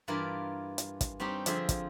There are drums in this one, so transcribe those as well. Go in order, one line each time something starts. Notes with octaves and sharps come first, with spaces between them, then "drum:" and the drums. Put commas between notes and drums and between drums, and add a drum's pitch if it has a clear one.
G2 E3 F4 A#4 D5
drum: hi-hat
drum: kick, hi-hat
G3 C4 C#4 D#4 G4
D3 F3 C4 G#4 E5, drum: hi-hat
drum: kick, hi-hat